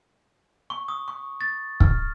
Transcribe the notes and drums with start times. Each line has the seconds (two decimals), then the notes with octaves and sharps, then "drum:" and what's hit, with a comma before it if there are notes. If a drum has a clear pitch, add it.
0.70 C#6
0.88 D#6
1.08 C#6
1.41 A6
1.80 F6, drum: kick